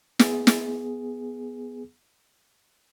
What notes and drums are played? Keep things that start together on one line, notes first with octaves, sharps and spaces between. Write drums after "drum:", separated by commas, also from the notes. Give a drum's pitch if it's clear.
B3 G#4, drum: snare
drum: snare